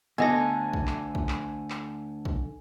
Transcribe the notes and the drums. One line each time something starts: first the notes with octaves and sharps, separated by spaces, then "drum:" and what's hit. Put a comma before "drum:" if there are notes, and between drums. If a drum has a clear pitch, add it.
D2 D3 B3 A4 D#5 G#5 A#6
drum: kick
drum: clap
drum: kick
drum: clap
drum: clap
drum: kick